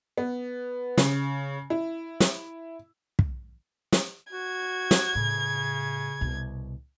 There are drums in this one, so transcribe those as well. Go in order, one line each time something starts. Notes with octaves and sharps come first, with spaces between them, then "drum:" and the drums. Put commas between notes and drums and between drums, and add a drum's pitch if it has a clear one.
B3
C#3, drum: snare
E4
drum: snare
drum: kick
drum: snare
F#4 G#6
drum: snare
A2 C#3
C2 B2